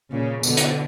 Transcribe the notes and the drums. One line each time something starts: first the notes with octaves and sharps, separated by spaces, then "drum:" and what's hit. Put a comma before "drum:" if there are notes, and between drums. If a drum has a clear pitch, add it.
A#2 C#3
B2 D3, drum: tambourine
drum: hi-hat